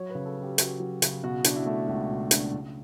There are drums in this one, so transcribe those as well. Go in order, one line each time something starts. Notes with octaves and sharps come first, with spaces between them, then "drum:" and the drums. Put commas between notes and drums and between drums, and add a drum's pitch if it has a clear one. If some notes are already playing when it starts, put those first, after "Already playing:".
Already playing: F#3 C#5
B4
C#3
A4
C#4
G4
C#3 F#4, drum: hi-hat
F#3
C#3, drum: hi-hat
B2 F#4
D4, drum: hi-hat
E4
A3
C#2 F#4
B2
D4, drum: hi-hat
C#3